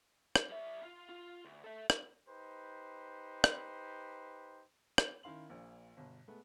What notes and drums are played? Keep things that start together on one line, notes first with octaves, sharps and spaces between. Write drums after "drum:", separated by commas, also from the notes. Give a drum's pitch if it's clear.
drum: rim click
G3 E5
F4
F4
D2
A4 E5
drum: rim click
D#4 G4 B4 C5
drum: rim click
drum: rim click
D#3 C#4 E4 F5 C6 F#7
A#1 A#2
G1 B2
G#3 A3 B3